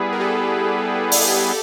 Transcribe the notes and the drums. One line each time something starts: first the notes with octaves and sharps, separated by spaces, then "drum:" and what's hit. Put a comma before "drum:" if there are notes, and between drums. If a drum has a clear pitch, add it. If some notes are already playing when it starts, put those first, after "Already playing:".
Already playing: G3 B3 E4 G#4 B4
A#4
G4 A4
drum: open hi-hat